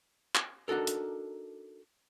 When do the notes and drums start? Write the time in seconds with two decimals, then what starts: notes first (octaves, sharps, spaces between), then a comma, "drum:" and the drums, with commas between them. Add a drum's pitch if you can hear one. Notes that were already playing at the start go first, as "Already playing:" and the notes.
0.35 drum: clap
0.68 D4 D#4 F#4 A4 A#4
0.87 drum: hi-hat